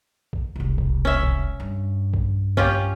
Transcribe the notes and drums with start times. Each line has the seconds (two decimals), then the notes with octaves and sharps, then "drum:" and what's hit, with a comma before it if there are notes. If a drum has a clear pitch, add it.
0.33 drum: kick A#1
0.56 E1 C2
0.78 drum: kick A#1
1.05 C#4 E5
1.23 drum: kick A#1
1.60 G2
2.14 drum: kick A#1
2.57 C#4 F4 G4, drum: kick A#1